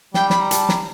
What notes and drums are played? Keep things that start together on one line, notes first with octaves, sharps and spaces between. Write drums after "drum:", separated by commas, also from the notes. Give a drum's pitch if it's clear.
G3 G5, drum: snare
B5, drum: snare
A#5
A5, drum: hi-hat
A#5, drum: snare